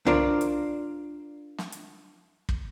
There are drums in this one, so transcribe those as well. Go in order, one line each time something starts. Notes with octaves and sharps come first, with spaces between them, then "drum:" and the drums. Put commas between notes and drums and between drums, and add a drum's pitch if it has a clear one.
D4 F4 A#4 C5 D5, drum: tom C2
drum: hi-hat
drum: snare
drum: hi-hat
drum: kick